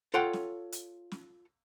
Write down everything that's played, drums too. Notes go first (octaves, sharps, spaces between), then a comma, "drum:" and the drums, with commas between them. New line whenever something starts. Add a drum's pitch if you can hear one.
F4 A4 C#5 F#5 G5 C6
drum: snare
drum: hi-hat
drum: snare